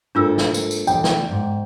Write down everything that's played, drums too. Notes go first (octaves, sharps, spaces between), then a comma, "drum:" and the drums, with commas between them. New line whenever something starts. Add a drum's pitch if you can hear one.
G#2 A#3 D4 F4 A4 E6
drum: snare
drum: tambourine
drum: tambourine
E2 D5 G5, drum: tambourine
drum: snare
G#2